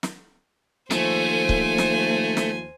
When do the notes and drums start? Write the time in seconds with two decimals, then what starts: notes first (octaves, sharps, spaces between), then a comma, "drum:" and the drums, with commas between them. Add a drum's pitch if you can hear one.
0.03 drum: snare
0.91 D#2 F3 A3 C5 G#5, drum: snare
1.49 drum: kick C#1
1.78 drum: snare
2.37 drum: snare